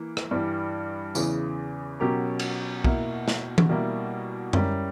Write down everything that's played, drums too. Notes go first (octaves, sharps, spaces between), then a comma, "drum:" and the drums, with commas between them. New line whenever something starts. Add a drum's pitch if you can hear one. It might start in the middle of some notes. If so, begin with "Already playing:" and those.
Already playing: E3 A#3
drum: rim click
G2 E3 G3
E2 C#3 E3, drum: tambourine
B2 F#3 C#4 G4 A#4
drum: cymbal
B2 A#3 E4, drum: kick
drum: snare
drum: tom E3
B2 G3 A#3 E4
G3 C#4 E4 A#4, drum: tom F#2